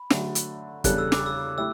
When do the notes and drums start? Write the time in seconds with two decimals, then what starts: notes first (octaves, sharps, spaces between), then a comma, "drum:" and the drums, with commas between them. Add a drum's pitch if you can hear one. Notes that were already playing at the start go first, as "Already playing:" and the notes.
Already playing: B5
0.10 D3 F#3 A3, drum: snare
0.35 drum: hi-hat
0.84 E2 C#3 G3 D4 A4 F#6, drum: kick, hi-hat
0.98 E6
1.12 D6, drum: snare
1.26 E6
1.58 A3 E4 G4 E6